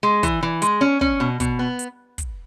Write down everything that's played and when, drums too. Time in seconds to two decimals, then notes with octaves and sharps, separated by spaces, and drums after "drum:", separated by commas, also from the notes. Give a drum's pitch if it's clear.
0.03 G#3
0.23 E3, drum: kick, hi-hat
0.43 E3
0.62 G#3, drum: hi-hat
0.81 C#4
1.01 C#4, drum: kick
1.20 B2
1.40 B2, drum: kick, hi-hat
1.59 B3
1.79 drum: hi-hat
2.18 drum: kick, hi-hat